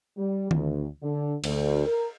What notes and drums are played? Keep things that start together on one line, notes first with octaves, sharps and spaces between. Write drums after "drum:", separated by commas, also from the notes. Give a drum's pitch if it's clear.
G3
D2, drum: tom D#3
D3
D2, drum: cymbal
A#4